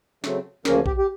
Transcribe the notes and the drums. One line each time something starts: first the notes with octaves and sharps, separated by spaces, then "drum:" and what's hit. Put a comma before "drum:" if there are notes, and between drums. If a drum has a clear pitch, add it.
C#3 F#3 A3 C4, drum: snare
D2 C#3 F3 A#3 C#4 A#4, drum: snare
G4, drum: kick A#1
G4